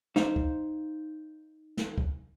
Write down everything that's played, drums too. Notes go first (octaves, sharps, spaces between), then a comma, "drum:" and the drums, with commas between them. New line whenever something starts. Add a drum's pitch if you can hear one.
D#4 C5 F5, drum: snare
drum: kick
drum: snare
drum: kick